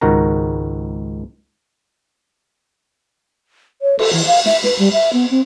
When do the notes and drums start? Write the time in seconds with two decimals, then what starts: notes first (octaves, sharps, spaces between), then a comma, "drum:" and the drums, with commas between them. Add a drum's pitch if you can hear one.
0.01 C#2 G#2 D#3 F#4 A#4 A#5
3.82 C#5
3.99 A4, drum: cymbal
4.13 E3
4.27 F5
4.46 E5, drum: snare
4.64 B4, drum: snare
4.79 G3
4.93 E5
5.13 B3
5.31 C4